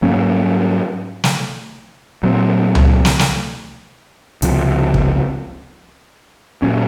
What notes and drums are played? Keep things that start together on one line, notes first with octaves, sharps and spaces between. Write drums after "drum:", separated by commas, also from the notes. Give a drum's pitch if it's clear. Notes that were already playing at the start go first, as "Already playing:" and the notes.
G#2 F#3 A#3 C#4
drum: snare
A#2 F#3 C4
drum: tom C#2
drum: snare
drum: snare
C#2 C3 F3, drum: hi-hat
drum: kick
A#2 F#3 C#4